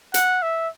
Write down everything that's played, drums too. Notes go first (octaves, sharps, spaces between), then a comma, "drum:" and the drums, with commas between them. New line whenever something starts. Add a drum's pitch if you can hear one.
F#5, drum: hi-hat
E5